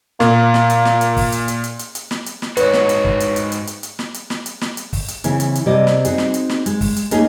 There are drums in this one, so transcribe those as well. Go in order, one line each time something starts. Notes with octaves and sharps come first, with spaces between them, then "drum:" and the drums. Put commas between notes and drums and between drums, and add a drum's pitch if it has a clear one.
A#2 A#3, drum: snare
drum: snare
drum: hi-hat
drum: snare
drum: hi-hat
drum: kick, open hi-hat
drum: hi-hat
drum: hi-hat
drum: hi-hat
drum: hi-hat
drum: hi-hat
drum: snare
drum: hi-hat
drum: snare
G#2 F#4 B4 C#5, drum: hi-hat
drum: snare
drum: hi-hat
drum: kick
drum: hi-hat
drum: hi-hat
drum: hi-hat
drum: hi-hat
drum: hi-hat
drum: snare
drum: hi-hat
drum: snare
drum: hi-hat
drum: snare
drum: hi-hat
drum: kick, open hi-hat
drum: hi-hat
C#3 E3 C4 E4, drum: hi-hat
drum: hi-hat
drum: hi-hat
C3 G3 G#4 D5 D#5
drum: snare
C4 D#4 F#4 G#4, drum: hi-hat
drum: snare
drum: hi-hat
drum: snare
G#3, drum: hi-hat
drum: kick, open hi-hat
drum: hi-hat
A3 A#3 C#4 D#4 G#4, drum: hi-hat